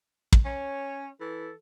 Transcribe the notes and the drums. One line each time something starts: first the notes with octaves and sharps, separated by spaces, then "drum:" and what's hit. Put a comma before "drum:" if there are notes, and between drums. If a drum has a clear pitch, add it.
drum: kick
C#4 C#5
E3 A4